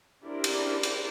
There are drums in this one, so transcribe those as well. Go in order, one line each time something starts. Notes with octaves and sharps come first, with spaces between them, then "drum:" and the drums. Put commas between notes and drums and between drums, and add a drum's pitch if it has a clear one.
D4 E4 G4 A#4 C5 D5
drum: cymbal
drum: cymbal